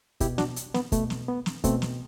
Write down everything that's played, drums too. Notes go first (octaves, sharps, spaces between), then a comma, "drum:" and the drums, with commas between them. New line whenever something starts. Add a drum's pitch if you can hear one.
B2 E4 G4, drum: kick, hi-hat
D4 F#4, drum: snare
drum: hi-hat
B3, drum: snare
B2 A3, drum: kick, hi-hat
drum: snare
B3
drum: snare
B2 A3 C4, drum: kick, hi-hat
drum: snare